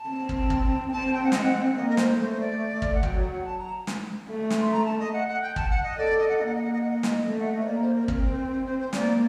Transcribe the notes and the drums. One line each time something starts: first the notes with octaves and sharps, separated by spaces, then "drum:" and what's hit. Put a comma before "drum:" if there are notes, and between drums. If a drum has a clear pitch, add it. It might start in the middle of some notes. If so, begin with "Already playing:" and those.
Already playing: A5
C4
drum: kick
drum: kick
C4 A5
G5
F#5
D#5, drum: snare
F#5
A#3 D#5
A#4
C5, drum: snare
A#4
A3 C5
C5
D5
drum: kick
F#5
F#3 G5, drum: kick
F#5
A5
A#5
drum: snare
A3
drum: snare
C6
A#5
A5
D#5
F#5
F#5
G5
A5, drum: kick
F#5
D#5
A4 D5
D#5
F#5
A#3 D#5
F#5
D#5
F#5
D#5
F#5
D#5
drum: snare
A3 D#5
F#5
D#5
C5
A#3 D5
C5
A#4
C4 A#4, drum: kick
C5
C5
C5
C5
A#3 D5, drum: snare